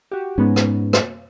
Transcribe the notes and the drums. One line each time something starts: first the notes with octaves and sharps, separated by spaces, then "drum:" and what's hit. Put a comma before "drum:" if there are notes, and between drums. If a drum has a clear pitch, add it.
F#4 G4
G#2 G#3 B3 C#4
drum: rim click
drum: rim click